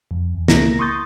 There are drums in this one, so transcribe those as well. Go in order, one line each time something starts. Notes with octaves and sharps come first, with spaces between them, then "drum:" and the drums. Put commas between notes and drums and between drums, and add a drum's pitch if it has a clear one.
F2
E2
C#2 A#3 E4 A#5 A#6, drum: snare
C6 C#6 D#6 G6 A6